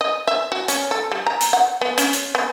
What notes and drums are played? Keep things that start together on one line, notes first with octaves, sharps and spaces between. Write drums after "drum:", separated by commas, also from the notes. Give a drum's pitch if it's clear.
D#5
E5
F#4
C#4, drum: hi-hat
A4
G3
A#5
drum: hi-hat
F#5
B3
C#4, drum: hi-hat
drum: hi-hat
B3